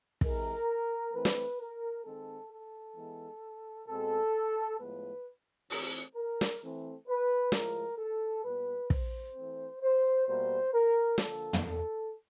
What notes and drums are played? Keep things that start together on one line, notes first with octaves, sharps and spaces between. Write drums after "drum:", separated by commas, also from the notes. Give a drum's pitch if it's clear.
C3 E3 G#3 A#4, drum: kick
E3 A3 C4 B4
drum: snare
A#4
D#3 G#3 C4 A4
A4
E3 G#3 B3
B2 G#3 C4 A4
A2 F3 G#3 B3 B4
E3 A3 C4, drum: open hi-hat
A#4
drum: snare
E3 A3 C4
B4
A2 F3 G#3 A#4, drum: snare
A4
A#2 G3 B3 B4
C5, drum: kick
E3 A3 C4
C5
B2 G3 A#3 C5
A#4
D3 F3 A#3 A4, drum: snare
drum: tom
A4